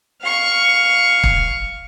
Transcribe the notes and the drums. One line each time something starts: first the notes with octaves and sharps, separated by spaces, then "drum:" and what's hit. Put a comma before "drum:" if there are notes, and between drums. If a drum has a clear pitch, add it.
F5 C#6
drum: kick